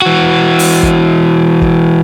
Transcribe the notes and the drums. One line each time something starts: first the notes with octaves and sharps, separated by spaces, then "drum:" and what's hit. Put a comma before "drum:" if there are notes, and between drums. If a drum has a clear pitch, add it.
E3 F#4
drum: open hi-hat
drum: kick
drum: kick